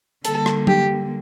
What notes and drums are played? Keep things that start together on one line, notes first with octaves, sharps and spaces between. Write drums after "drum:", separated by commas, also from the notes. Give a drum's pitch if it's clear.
D3 G3 A#3 A4, drum: hi-hat
drum: rim click
G4, drum: tom F#3